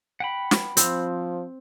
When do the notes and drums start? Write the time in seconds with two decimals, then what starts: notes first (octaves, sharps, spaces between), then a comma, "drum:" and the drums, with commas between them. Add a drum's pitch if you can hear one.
0.20 F#5 G5 B5
0.51 drum: snare
0.77 F3 C4, drum: hi-hat